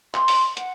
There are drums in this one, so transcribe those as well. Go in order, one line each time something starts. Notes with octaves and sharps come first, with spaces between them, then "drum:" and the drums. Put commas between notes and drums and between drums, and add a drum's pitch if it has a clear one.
C6, drum: clap
drum: open hi-hat
F#5, drum: hi-hat